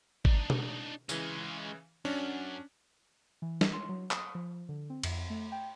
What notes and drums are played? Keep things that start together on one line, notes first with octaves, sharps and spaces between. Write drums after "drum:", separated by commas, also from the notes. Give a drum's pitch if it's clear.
D4 D#4, drum: kick G#1
drum: tom
C#3 E3 G#3 C#4, drum: tambourine
F#2 C#4 D4
E3
drum: snare
C6
F#3
D#6, drum: clap
F3
D3
C4
F2, drum: cymbal
A3
G5